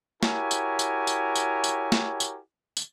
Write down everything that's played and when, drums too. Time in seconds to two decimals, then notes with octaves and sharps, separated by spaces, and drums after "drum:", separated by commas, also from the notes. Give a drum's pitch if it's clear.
0.23 E4 F#4 G4 A#4 C#5 G#5, drum: snare
0.51 drum: tambourine
0.79 drum: tambourine
1.07 drum: tambourine
1.36 drum: tambourine
1.64 drum: tambourine
1.92 drum: snare
2.20 drum: tambourine
2.77 drum: tambourine